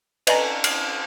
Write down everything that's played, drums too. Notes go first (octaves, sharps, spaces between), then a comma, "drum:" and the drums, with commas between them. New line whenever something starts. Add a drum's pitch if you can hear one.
B4 D5 D#5 G#5 A#5, drum: cymbal
drum: cymbal